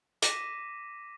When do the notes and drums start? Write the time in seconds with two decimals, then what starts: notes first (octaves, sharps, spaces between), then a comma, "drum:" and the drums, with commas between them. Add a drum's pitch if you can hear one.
0.22 D6 A#6 B6 D#7 E7, drum: hi-hat